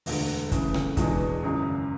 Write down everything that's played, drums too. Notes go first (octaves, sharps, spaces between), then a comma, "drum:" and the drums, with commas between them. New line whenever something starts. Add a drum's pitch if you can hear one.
E1 D2 D3, drum: open hi-hat
C#3 E3 A3, drum: kick, hi-hat
drum: rim click
E2 B2 G#3 B3 D4, drum: kick, hi-hat
G#1 F#2 C#3